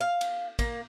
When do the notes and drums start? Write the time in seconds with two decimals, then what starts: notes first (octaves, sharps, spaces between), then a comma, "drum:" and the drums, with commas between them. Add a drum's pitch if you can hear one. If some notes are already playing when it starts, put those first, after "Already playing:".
0.01 F5
0.21 drum: cymbal
0.59 A#3, drum: kick, cymbal